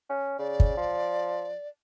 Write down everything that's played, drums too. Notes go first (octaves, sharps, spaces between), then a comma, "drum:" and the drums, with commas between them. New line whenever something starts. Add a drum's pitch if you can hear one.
C#4
C#3 D5
drum: kick
F3